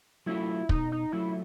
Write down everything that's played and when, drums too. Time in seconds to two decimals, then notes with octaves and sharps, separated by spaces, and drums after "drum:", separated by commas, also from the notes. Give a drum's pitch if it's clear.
0.26 F#3 A3 C#4 E4 F4
0.69 B2 D#4, drum: kick
0.92 D#4
1.12 F#3 A3 C#4 E4 F4